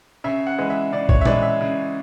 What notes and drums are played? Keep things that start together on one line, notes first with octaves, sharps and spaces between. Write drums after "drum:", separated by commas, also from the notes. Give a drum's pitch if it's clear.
C#3 E5
F#5
E3 G#3
E5
C#3 D5
C#5, drum: kick A1
E5
E3 G#3 D5, drum: tom A#2
E5
C#3